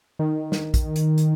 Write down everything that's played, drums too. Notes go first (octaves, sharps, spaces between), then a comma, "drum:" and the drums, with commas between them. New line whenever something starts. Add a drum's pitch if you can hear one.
D#3
drum: snare
drum: kick A#1, hi-hat
drum: hi-hat
drum: hi-hat